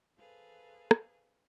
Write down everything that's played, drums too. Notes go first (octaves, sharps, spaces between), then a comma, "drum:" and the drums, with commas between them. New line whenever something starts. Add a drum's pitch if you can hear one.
G#4 A4 B4 C5 F5
drum: rim click